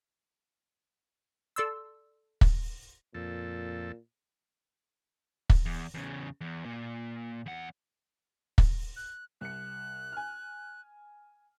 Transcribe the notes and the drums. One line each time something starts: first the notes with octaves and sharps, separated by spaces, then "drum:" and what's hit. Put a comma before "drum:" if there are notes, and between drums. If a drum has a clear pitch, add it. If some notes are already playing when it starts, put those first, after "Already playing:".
A4 D5 C6 E6
drum: kick
F2 A#2 A4
drum: kick
E2
E2 C#3
E2
A#2
E2 F#5
drum: kick
F#6
C2 F#6 C#7
G#5 F6